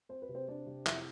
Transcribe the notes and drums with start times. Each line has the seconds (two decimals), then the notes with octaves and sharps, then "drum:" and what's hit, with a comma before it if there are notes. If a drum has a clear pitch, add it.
0.09 C4 C5
0.22 B4
0.29 C3
0.35 C4 C5
0.48 C4 D4 D5
0.67 C3
0.87 F2 E4 E5, drum: clap